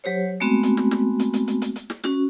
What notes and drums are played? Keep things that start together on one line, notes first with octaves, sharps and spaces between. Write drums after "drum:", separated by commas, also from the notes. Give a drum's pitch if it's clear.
F#3 G4 C5 C#5
G#3 A3 B3 C4 F#4
drum: hi-hat
drum: snare
drum: snare
drum: hi-hat
drum: hi-hat
drum: hi-hat
drum: hi-hat
drum: hi-hat
drum: snare
C#4 F#4, drum: snare